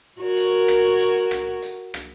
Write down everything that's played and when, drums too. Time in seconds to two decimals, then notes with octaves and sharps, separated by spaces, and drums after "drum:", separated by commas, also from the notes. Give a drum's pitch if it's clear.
0.21 F#4 A#4 C#5
0.37 drum: hi-hat
0.68 drum: rim click
1.00 drum: hi-hat
1.31 drum: rim click
1.62 drum: hi-hat
1.94 drum: rim click